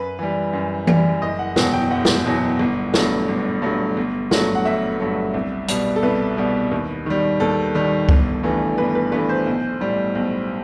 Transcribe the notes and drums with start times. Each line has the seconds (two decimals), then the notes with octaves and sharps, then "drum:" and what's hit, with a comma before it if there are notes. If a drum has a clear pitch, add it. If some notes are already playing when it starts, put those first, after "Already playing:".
Already playing: F#2 B4
0.19 E3 G3
0.53 F#2
0.87 E3 G3, drum: tom E3
1.22 F#1 D#5
1.39 F#5
1.56 E2 B2 F#3 G5, drum: snare
1.73 G5
1.91 F#1 F#5
2.05 drum: snare
2.25 E2 B2 F#3
2.59 G1
2.94 G2 F#3 A3, drum: snare
3.28 G1
3.62 G2 F#3 A3
3.97 G1
4.31 G2 F#3 A3, drum: snare
4.55 F#5
4.65 G1 E5
5.00 G2 F#3 A3
5.34 C2
5.68 B2 G3, drum: hi-hat
5.96 A4
6.03 C2 B4
6.37 B2 G3
6.71 D#2
7.06 D#3 G3
7.40 D#2 A4
7.75 D#3 G3
8.09 G1, drum: kick C#2
8.43 G2 E3 A3
8.77 G1 B4
8.95 B4
9.12 G2 E3 A3 B4
9.29 C5
9.46 B1
9.81 A2 G3
10.15 B1